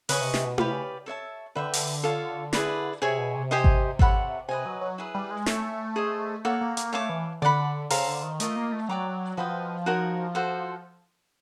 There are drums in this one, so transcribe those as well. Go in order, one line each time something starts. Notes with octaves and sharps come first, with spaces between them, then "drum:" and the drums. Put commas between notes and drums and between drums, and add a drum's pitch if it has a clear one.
C#3 B4 D#5 G#5 C#6, drum: open hi-hat
C3
C3, drum: snare
B2
C3 G4 B4 D5 F5, drum: tom E4
C#3
A4 C#5 E5 A5
D3 B4 E5 G5
drum: open hi-hat
F4 A4 C#5 F5
E4 G#4 B4 D5, drum: snare
C3 G#4 C#5 E5 G#5
B2
C3
G4 C5 D#5 G#5
drum: kick G#1
A4 C#5 F#5 B5, drum: kick G#1
C3 B4 D#5 G#5
F#3
F#3
E4 G#4 B4
G3
G#3
A3 A4 C#5 E5 G#5, drum: snare
G#4 C5 D#5
A#3 A4 C#5 F#5
A#3
A#3, drum: hi-hat
A3 C#5 F5 A5 D6
E3
D3 D5 F#5 B5
C#3 A4 C5 F5 A#5, drum: open hi-hat
D3
D#3
A3 F4 A#4 D#5, drum: hi-hat
A#3
A3
F#3 D5 G5 A#5 D6
F3 F#4 B4 D#5 G5
D#4 F#4 A#4 C#5
F#4 A4 C5